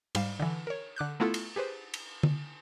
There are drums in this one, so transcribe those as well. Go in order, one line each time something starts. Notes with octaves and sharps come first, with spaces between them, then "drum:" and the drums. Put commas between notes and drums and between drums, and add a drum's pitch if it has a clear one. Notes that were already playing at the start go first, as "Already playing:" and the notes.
G#2 G3 F5 E7, drum: cymbal
D3 E3
A#4 C#5
D3 D6 F#6 G6
A3 B3 E4 F4 A4
drum: cymbal
G4 G#4 B4 C5
drum: cymbal
drum: tom D3